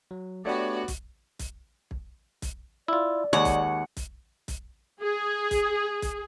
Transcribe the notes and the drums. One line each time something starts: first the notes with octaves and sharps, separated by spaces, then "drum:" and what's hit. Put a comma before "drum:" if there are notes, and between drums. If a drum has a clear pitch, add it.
F#3
A3 B3 D4 F#4 G4 C#5 D5
drum: kick, hi-hat
drum: kick, hi-hat
drum: kick
drum: kick, hi-hat
E4 F4 D5
D#2 G#3 C#5 F#5
drum: kick, hi-hat
drum: kick, hi-hat
drum: kick, hi-hat
G#4
drum: kick, hi-hat
drum: kick, hi-hat